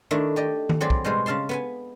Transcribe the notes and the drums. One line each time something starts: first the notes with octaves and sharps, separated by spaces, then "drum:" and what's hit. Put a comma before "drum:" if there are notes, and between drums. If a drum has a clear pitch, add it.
D#3 A3 D4 E4
G4 D5 D#5
drum: tom D#3
F#3 C4 G#4 B4 D5
drum: kick
B2 G3 G#3 C5
C#3 F5 A5 C6
B3 B4 G#5